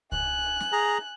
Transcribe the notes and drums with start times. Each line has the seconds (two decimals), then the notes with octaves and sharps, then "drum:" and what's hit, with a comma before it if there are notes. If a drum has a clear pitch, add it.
0.12 G#5 F#6, drum: kick C2
0.60 drum: snare
0.72 G#4 A#5